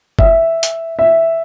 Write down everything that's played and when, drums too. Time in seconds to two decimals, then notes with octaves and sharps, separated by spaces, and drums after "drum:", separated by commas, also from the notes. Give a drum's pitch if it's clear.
0.19 E5, drum: kick F#1
0.63 drum: hi-hat
0.99 E5